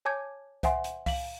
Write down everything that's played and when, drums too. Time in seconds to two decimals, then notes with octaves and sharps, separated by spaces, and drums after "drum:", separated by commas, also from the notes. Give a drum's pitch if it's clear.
0.05 C#5 G#5 A5 D6 G6 G#6
0.63 C5 E5 F#5 G#5 C6, drum: kick C2, hi-hat
0.84 drum: hi-hat
1.06 F5 B6 F#7, drum: kick C2, open hi-hat